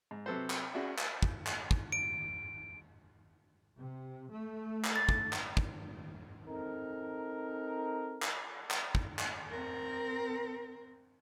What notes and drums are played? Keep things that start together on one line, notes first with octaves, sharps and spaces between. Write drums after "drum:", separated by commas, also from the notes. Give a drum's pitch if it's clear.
G#2
C3 F#3 A4 B4 C5
drum: clap
C#4 F#4 G#4 D5 E5
drum: clap
drum: kick
drum: clap
drum: kick
D7
C3
A3
drum: clap
A6
drum: kick
drum: clap
drum: kick
C4 D#4 A4 A#4
drum: clap
drum: clap
drum: kick
drum: clap
C4 A#4